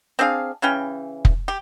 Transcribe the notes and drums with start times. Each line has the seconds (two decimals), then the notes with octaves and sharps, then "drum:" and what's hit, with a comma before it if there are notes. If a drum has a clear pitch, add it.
0.19 C4 D4 G#4 F5
0.62 C#3 E3 C#4 G5
1.25 drum: kick
1.48 G4